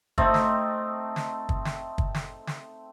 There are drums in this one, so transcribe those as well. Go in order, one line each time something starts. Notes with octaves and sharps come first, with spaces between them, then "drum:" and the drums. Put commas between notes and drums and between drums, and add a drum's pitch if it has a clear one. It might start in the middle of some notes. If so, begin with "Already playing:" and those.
A3 C4 D#4, drum: kick
drum: snare
drum: snare
drum: kick
drum: snare
drum: kick
drum: snare
drum: snare